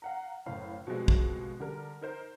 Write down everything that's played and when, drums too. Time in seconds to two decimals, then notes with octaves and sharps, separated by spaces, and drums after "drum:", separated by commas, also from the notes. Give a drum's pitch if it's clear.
0.02 F5 F#5 A#5
0.46 F#1 A2 F5
0.87 B2 F3 G3 G#3 C4
1.08 drum: kick
1.60 D3 G3 A#4
2.01 D#4 A#4 C5